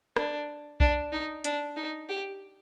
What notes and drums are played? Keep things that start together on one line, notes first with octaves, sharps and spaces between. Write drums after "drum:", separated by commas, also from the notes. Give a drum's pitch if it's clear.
D4, drum: rim click
D4, drum: kick B1
D#4
D4, drum: hi-hat
D#4
G4